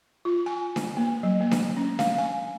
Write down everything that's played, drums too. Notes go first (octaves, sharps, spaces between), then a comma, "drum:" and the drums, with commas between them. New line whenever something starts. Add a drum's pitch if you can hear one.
F4
G#5
drum: snare D4
A#3
F#3
A#3
drum: snare D4
C#4
F5, drum: snare D4
G#5